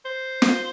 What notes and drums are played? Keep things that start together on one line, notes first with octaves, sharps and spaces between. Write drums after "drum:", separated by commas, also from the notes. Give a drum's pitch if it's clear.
C5
drum: snare